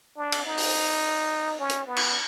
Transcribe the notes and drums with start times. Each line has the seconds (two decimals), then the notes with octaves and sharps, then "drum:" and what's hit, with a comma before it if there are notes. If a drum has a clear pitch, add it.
0.17 D4
0.32 drum: cymbal
0.46 D#4
0.57 drum: open hi-hat
1.59 C#4
1.69 drum: hi-hat
1.87 B3
1.96 drum: cymbal